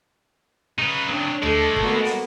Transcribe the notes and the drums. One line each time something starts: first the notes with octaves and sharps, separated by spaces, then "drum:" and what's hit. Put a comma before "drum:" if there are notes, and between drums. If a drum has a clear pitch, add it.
C#3 D#4 B4
C3 F#3 D4
G#3 A3 A4 D5, drum: tom D#2
A#3 B3 F#4, drum: kick
drum: open hi-hat